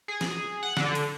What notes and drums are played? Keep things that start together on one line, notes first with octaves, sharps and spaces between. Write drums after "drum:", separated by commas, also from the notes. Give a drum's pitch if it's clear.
G#4
drum: snare
F#5
D3, drum: snare
drum: cymbal